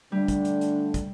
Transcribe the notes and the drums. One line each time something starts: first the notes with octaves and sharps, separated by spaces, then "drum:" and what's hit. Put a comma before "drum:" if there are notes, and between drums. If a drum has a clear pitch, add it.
D3 G3 A3 D4
drum: kick, hi-hat
drum: hi-hat
drum: hi-hat
drum: kick, hi-hat